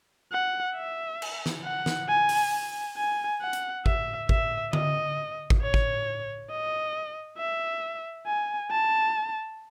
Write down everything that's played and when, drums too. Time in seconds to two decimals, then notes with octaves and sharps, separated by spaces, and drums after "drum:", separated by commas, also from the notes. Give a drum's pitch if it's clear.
0.32 F#5
0.75 E5
1.22 drum: cymbal
1.46 drum: snare
1.65 F#5
1.86 drum: snare
2.09 G#5
2.29 drum: open hi-hat
2.53 G#5
2.97 G#5
3.42 F#5
3.53 drum: hi-hat
3.86 E5, drum: kick G#1
4.29 E5, drum: kick G#1
4.73 D#5, drum: tom D3
5.50 drum: kick G#1
5.62 C#5
5.74 drum: kick G#1
6.51 D#5
7.38 E5
8.27 G#5
8.71 A5